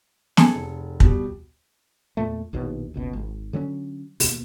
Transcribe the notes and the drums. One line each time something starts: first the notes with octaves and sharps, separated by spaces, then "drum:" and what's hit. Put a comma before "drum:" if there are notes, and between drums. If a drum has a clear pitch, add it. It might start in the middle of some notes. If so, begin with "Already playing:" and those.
G#4 A4, drum: snare
F1
B2 G3, drum: kick
E2 A#2 A3
A#1 D#2 B2 D#3
F#1 C#2 B2
G#1
D3 F#3 G#3 C#4
D#2 B2, drum: open hi-hat